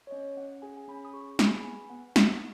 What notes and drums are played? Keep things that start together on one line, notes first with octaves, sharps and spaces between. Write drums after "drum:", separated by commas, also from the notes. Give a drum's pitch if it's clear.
C#5
C#4 D#5
C#4 F#5
G#4 G#5
G#5
C#4 B5
D#6
G#4 C#6
G#4 B5, drum: snare
G#5
B5
B3 G#5
B3 F#5
D#4 F#5, drum: snare